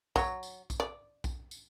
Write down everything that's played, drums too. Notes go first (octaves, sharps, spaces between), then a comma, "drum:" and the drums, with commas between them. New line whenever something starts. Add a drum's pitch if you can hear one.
F#3, drum: kick B1, tambourine
drum: tambourine
drum: kick B1, tambourine
D5
drum: kick B1, tambourine
drum: tambourine